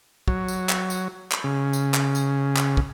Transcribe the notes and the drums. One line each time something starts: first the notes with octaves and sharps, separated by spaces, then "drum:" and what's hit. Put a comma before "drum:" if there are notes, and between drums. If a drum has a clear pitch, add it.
F#3, drum: kick
drum: tambourine
drum: clap
drum: tambourine
drum: clap
C#3
drum: tambourine
drum: clap
drum: tambourine
drum: clap
drum: kick